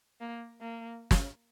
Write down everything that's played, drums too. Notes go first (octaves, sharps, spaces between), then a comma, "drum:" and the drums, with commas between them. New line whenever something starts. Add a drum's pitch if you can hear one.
A#3
A#3
drum: snare